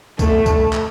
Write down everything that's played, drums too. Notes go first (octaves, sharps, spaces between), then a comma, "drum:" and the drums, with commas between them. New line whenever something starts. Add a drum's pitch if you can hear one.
A3, drum: kick C2, tambourine
drum: kick C2, tambourine
drum: clap